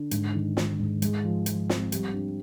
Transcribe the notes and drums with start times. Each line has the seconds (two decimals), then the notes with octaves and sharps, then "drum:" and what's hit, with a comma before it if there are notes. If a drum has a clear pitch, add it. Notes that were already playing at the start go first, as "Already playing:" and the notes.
Already playing: D3
0.11 G#2, drum: hi-hat
0.34 D#3
0.57 D#3, drum: snare
0.79 G#2
1.02 G#3, drum: hi-hat
1.24 F3
1.46 F3, drum: hi-hat
1.69 C4, drum: snare
1.92 G3, drum: hi-hat
2.14 D4